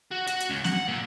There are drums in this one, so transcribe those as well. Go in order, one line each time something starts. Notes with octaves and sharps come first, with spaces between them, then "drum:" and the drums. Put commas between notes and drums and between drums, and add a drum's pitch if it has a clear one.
F#4
F#4, drum: hi-hat
drum: hi-hat
C#2
F#5, drum: snare
A#2